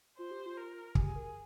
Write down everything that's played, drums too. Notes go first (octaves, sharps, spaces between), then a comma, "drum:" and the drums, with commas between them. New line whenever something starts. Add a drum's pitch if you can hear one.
F4 C5
G4
F4
A#4
G4 G#4, drum: kick
A#4